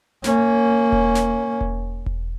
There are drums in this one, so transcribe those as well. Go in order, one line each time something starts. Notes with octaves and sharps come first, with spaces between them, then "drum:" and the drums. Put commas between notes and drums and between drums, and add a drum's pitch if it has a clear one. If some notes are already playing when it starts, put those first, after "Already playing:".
A#3 C#4, drum: snare
drum: kick E1
drum: snare
drum: kick E1
drum: kick E1